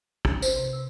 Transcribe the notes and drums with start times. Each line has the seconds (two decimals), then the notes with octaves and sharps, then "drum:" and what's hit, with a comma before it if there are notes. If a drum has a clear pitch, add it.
0.25 C#4, drum: kick
0.42 C5, drum: tambourine
0.56 C3
0.73 E6